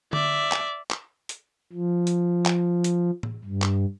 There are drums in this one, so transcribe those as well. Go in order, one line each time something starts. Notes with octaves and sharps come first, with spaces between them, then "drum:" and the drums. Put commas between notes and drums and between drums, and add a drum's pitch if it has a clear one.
D5 E5, drum: tom D3
drum: clap
drum: clap
drum: hi-hat
F3
drum: hi-hat
drum: clap
drum: hi-hat
drum: tom A2
G2
drum: clap